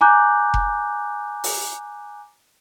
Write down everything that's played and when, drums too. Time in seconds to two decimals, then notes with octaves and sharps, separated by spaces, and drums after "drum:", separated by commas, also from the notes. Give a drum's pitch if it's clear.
0.01 G#5 A#5 D6 F#6 G6
0.54 drum: kick F1
1.44 drum: open hi-hat